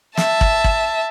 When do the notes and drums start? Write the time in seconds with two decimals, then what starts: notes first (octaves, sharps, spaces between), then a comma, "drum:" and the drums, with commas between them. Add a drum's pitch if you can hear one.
0.17 E5 A5, drum: snare
0.41 drum: kick
0.64 drum: kick